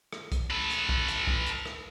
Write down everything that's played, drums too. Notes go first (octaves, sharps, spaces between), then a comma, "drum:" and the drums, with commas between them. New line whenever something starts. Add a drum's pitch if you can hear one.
drum: rim click
drum: kick, hi-hat
A4 B4
drum: hi-hat
drum: kick
drum: hi-hat
drum: kick
drum: hi-hat
drum: rim click